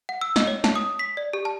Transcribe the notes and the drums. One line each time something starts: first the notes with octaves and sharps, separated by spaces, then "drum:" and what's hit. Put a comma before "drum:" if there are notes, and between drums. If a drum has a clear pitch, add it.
F#5
E6
D#5, drum: snare
C#5
A5, drum: snare
D#6
B6
D5
G4
A5